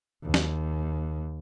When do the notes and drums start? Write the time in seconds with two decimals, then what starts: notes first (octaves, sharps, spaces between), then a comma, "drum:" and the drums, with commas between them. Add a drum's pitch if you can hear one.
0.23 D#2
0.34 drum: snare